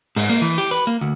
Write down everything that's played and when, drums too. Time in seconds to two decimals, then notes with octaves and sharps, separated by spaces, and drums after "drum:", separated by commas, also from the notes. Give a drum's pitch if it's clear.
0.16 G#2, drum: open hi-hat
0.30 A#3
0.41 E3
0.58 G4
0.71 B4
0.87 A#3
1.01 D2